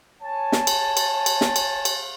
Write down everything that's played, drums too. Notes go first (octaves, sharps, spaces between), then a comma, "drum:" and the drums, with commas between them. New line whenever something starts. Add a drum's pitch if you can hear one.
C#5 G#5 A5
drum: snare
drum: cymbal
drum: cymbal
drum: cymbal
drum: snare
drum: cymbal
drum: cymbal